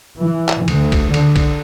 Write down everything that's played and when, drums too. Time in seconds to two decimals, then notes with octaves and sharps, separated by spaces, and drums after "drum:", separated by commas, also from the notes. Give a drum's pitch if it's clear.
0.18 E3
0.49 drum: clap
0.68 D2, drum: cymbal
0.92 drum: kick B1, cymbal
1.14 D3, drum: cymbal
1.36 drum: kick B1, cymbal